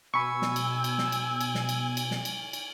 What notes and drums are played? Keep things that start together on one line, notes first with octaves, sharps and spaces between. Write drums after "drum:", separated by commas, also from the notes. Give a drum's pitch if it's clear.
B2 G#5 B5 C#6 E6
drum: snare
drum: cymbal
drum: cymbal
drum: snare
drum: cymbal
drum: cymbal
drum: snare
drum: cymbal
drum: cymbal
drum: snare
drum: cymbal
drum: cymbal